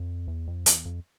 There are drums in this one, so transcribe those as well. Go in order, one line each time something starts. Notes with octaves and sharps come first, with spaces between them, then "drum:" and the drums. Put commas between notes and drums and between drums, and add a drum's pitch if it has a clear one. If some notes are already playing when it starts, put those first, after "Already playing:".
Already playing: F2
E2
F2
E2, drum: hi-hat
F2